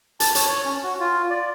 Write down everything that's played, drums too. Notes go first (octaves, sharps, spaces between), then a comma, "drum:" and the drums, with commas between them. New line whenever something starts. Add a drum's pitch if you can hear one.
A5, drum: hi-hat
C#5, drum: hi-hat
C#5
C#4
F#4
F4
D5